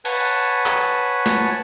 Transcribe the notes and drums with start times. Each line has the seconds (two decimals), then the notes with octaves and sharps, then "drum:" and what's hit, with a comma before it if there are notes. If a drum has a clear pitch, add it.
0.05 B4 C#5 F#5 G#5 A5, drum: cymbal
0.66 drum: clap
1.26 drum: snare